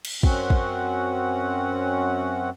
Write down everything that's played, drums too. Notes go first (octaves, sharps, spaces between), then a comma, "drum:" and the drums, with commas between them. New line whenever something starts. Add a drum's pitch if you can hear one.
drum: cymbal
F#2 C4 C#4 F#4 F#5, drum: kick
drum: kick